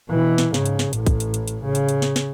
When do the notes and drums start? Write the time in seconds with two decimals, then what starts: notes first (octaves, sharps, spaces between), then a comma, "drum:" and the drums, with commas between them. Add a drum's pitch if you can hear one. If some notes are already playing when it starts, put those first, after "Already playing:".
0.10 B2 E3
0.38 drum: snare
0.54 G#2 C#3, drum: snare
0.66 drum: hi-hat
0.79 drum: snare
0.93 A1 A2, drum: hi-hat
1.07 drum: kick, hi-hat
1.20 drum: hi-hat
1.34 drum: hi-hat
1.48 drum: hi-hat
1.65 C#3
1.75 drum: hi-hat
1.89 drum: hi-hat
2.02 drum: snare
2.16 drum: snare